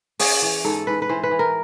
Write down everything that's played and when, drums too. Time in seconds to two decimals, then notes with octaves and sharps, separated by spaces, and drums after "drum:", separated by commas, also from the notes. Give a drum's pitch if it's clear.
0.19 C#4 G#4, drum: open hi-hat
0.42 E3
0.65 G#2 A4
0.87 G#2 B4
1.02 B4
1.09 E3 C5
1.23 B4
1.31 E3
1.39 A#4